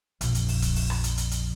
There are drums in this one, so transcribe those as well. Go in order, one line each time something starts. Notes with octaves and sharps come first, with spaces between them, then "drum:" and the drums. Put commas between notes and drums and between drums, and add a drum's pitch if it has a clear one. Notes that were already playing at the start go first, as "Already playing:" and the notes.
A#1 F2, drum: hi-hat
drum: hi-hat
drum: open hi-hat
drum: kick D1, hi-hat
drum: open hi-hat
drum: rim click
drum: hi-hat
drum: hi-hat
drum: hi-hat